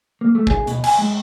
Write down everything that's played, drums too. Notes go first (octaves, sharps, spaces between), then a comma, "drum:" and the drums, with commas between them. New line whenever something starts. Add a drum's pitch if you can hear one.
A#3
A3
G#4, drum: kick
B2, drum: hi-hat
G#5, drum: cymbal
G#3